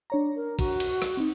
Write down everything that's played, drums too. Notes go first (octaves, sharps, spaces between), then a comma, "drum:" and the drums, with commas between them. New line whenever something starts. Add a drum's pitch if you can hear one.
D4 C#5 A#5
A#4
F#4, drum: kick, cymbal
drum: cymbal
drum: rim click
C4 D#4